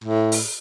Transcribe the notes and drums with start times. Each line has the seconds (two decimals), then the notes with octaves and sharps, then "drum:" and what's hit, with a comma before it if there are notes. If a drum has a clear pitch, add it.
0.04 A2
0.32 drum: open hi-hat